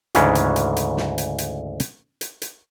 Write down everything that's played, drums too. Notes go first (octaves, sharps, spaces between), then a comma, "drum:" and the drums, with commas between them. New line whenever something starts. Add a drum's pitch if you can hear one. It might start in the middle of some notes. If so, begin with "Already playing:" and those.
D2 G#2 C#3 E3 C#4 D4, drum: hi-hat
drum: hi-hat
drum: hi-hat
drum: hi-hat
drum: snare
drum: hi-hat
drum: hi-hat
drum: hi-hat
drum: hi-hat
drum: hi-hat